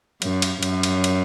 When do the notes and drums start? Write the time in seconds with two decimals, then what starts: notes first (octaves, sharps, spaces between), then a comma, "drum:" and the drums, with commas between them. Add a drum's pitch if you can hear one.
0.22 F#2, drum: cymbal
0.42 drum: cymbal
0.63 F#2, drum: cymbal
0.83 drum: cymbal
1.04 drum: cymbal